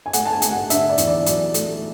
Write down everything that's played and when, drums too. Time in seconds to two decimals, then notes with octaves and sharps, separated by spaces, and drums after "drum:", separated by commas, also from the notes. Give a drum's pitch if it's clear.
0.06 G#5
0.13 A3 F#5, drum: hi-hat
0.25 A5
0.32 G#5
0.42 A3, drum: hi-hat
0.51 F#5
0.70 D3 E5, drum: hi-hat
0.89 D5
0.98 E2, drum: hi-hat
1.07 D5
1.26 F#3 D5, drum: hi-hat
1.54 A3, drum: hi-hat